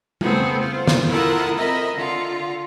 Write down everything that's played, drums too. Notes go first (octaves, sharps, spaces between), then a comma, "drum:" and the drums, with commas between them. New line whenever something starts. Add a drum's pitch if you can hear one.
C#3 A3 B3 C4 G#4 A4, drum: tom G3
F4 C5
drum: snare
E4 F4 A4 A#4 F#5 D#6
C4 A#4 D#5 E5 B5
D3 F4